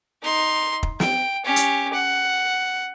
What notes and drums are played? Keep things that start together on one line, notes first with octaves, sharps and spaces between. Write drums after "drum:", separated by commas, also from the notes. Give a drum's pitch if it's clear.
D#4 C6
drum: kick
G5, drum: snare
C#4 G4
drum: hi-hat
F#5